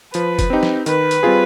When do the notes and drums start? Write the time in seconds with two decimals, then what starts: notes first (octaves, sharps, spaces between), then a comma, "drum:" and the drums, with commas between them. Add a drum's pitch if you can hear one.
0.14 F3 B4, drum: hi-hat
0.39 drum: kick F#1, hi-hat
0.50 C4 D#4 G4
0.63 drum: snare
0.86 D#3 B4, drum: hi-hat
1.11 drum: hi-hat
1.23 G3 C4 F4 G#4